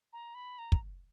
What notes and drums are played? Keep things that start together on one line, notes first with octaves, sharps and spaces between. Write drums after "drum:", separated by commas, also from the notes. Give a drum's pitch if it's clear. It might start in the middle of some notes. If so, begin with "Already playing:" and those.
A#5
B5
A#5
drum: kick